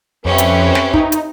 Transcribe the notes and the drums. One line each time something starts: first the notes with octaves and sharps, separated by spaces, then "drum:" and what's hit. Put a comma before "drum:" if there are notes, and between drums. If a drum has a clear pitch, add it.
F2 C4 C#4 G4 B4 C#5 E5
drum: hi-hat
drum: snare
D#4, drum: kick
drum: hi-hat